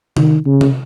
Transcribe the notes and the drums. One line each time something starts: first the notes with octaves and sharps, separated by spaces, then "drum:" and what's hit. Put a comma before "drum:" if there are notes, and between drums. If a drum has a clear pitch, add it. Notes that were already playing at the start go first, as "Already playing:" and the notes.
D#3, drum: tom C3
C#3
drum: tom C3